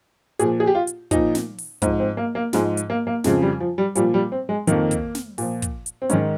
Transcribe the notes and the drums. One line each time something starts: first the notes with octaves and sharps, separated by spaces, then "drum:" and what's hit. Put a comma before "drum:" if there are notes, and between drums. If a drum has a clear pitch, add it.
A#2 F3 G#4, drum: hi-hat
G#4
G4
F4
drum: hi-hat
A#2 F3 D#4, drum: kick, hi-hat
drum: snare
drum: open hi-hat
G#2 F3 C4, drum: kick, hi-hat
C4
A#3
A#3
G#2 F3 G#3, drum: snare
drum: hi-hat
A#3
A#3
F2 C#3 F3 G#3, drum: snare
G3
F3
G3
A#2 F3 G3, drum: hi-hat
G3
C4
G#3
F2 D#3 A#3, drum: hi-hat
drum: kick, hi-hat
drum: snare
A#2 F3, drum: open hi-hat
drum: kick, hi-hat
drum: hi-hat
C4
G#2 D#3 C#4, drum: hi-hat